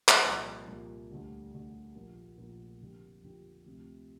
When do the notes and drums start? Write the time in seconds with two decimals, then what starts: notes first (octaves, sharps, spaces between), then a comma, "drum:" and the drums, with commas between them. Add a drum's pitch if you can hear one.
0.08 drum: clap
0.24 C2 A#2 F3 A#3
0.67 C2 A#2 F3 A#3
1.10 D2 D3 G3
1.52 D2 D3 G3
1.95 A#1 A#2 A#3 F4 A#4
2.37 A#1 A#2 A#3 F4 A#4
2.81 F2 D3 F3 A#3 G4
3.23 F2 D3 F3 A#3 G4
3.66 D2 C3 F3 C4